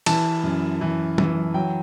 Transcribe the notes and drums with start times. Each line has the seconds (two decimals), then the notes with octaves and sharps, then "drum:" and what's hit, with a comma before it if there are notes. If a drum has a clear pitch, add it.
0.06 E3 A5, drum: cymbal
0.44 F#2
0.81 E3
1.18 E3, drum: tom
1.54 F#3 G5